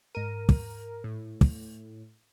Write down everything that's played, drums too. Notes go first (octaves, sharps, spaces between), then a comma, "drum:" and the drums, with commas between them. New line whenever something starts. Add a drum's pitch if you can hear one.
G#2 A#4 D#7
drum: kick
A2
drum: kick